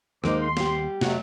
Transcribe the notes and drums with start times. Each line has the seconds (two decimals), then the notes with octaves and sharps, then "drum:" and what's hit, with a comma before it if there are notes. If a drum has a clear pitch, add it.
0.24 D#2 G#3 A#3 D#4 C5 D6, drum: rim click
0.41 C6
0.57 G3 G4, drum: snare
1.01 F2 C3 F#3 A3 F#4 F#5, drum: snare